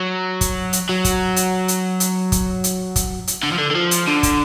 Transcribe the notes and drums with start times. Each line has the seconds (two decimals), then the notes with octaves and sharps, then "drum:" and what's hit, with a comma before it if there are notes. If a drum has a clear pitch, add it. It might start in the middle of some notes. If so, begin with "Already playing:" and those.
Already playing: F#3
0.41 drum: kick, hi-hat
0.73 drum: hi-hat
0.89 F#3
1.05 drum: kick, hi-hat
1.36 drum: hi-hat
1.68 drum: hi-hat
2.00 drum: hi-hat
2.32 drum: kick, hi-hat
2.64 drum: hi-hat
2.96 drum: kick, hi-hat
3.27 drum: hi-hat
3.43 D3
3.52 F3
3.58 D3
3.71 D3
3.75 F3
3.91 drum: hi-hat
4.07 D3
4.23 drum: kick, hi-hat